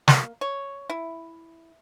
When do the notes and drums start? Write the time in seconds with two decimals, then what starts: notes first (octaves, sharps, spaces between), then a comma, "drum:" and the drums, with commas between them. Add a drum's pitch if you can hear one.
0.08 A#3, drum: snare
0.41 C#5
0.90 E4